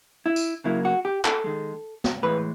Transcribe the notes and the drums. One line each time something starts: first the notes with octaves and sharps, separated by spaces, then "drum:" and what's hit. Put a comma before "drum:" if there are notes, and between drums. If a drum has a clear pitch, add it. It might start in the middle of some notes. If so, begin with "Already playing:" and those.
E4
drum: tambourine
C#3 F#3 A#3 E4
F#4
G4
A4, drum: clap
D#3 G#3
drum: snare
A2 E3 G#3 B4